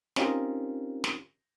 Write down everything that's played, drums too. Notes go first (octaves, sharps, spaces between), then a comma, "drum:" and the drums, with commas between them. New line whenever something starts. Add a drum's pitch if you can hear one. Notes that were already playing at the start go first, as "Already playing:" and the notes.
C4 C#4 D#4 F4 G4 A#4, drum: snare
drum: snare